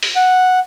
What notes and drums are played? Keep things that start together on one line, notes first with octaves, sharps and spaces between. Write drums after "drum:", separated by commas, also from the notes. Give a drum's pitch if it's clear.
drum: open hi-hat
F#5